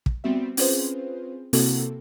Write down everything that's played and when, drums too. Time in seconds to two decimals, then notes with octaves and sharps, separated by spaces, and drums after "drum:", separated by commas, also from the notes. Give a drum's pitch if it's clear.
0.06 drum: kick
0.24 G3 B3 C4 F#4 E5
0.57 C4 C#4 F4 G#4 B4 C5, drum: open hi-hat
1.53 C3 A#3 C4 E4 F#4 A4, drum: open hi-hat